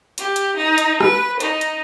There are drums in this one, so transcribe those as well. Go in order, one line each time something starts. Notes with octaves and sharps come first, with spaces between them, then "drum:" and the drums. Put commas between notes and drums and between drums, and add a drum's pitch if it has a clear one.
G4, drum: hi-hat
drum: hi-hat
D#4
drum: hi-hat
B4, drum: rim click
D#4, drum: hi-hat
drum: hi-hat